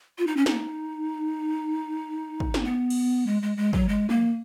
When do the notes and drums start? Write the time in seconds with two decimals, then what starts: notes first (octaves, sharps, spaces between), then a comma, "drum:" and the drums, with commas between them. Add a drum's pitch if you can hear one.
0.18 F4
0.27 D#4
0.37 C#4
0.46 D#4, drum: snare
2.40 drum: kick
2.54 drum: snare
2.65 B3
2.90 drum: cymbal
3.27 G#3
3.42 G#3
3.57 G#3
3.73 F#3, drum: kick
3.89 G#3
4.09 A#3, drum: tom